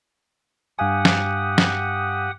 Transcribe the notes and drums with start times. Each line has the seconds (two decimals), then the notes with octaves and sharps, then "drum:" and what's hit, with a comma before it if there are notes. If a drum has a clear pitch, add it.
0.79 G2 G4 F5 F#5 G#5 D#6
1.05 drum: snare
1.58 drum: snare